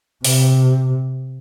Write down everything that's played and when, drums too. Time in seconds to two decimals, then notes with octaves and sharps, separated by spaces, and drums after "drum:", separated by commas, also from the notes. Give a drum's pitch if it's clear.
0.24 C3, drum: open hi-hat